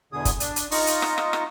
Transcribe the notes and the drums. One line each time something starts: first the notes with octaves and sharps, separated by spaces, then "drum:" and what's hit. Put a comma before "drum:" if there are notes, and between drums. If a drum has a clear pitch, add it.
E2 B2 D3 G#4 D#6
drum: kick F#1, hi-hat
D4, drum: hi-hat
drum: hi-hat
D#4 F4 D#5 C#6, drum: open hi-hat
drum: hi-hat
drum: rim click
drum: rim click
drum: rim click